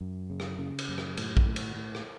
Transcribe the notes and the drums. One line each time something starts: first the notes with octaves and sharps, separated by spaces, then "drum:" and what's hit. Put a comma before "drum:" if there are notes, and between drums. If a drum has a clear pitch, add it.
F#2
C#3
drum: rim click
C#3
drum: cymbal
F#2
drum: rim click
A2, drum: cymbal
drum: kick A#1
A2
drum: cymbal
A2
drum: rim click